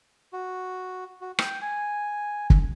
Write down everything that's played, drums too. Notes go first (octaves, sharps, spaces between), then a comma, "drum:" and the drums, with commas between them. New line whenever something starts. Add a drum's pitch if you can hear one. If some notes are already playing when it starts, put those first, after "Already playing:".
F#4
F#4
G5, drum: rim click
G#5
drum: kick